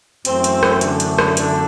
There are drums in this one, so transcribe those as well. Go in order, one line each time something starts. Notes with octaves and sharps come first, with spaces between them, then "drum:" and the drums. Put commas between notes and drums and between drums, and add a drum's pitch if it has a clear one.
F#2 E3 A3 C4, drum: hi-hat
drum: hi-hat
drum: rim click
D3 D4, drum: hi-hat
drum: hi-hat
drum: rim click
D3 D4, drum: hi-hat